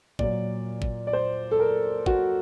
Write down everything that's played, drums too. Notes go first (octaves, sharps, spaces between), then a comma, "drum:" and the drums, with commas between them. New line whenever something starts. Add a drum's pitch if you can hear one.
A#2 F#3 D5, drum: kick
drum: kick
D5
C5
A4
A#4
F#4, drum: kick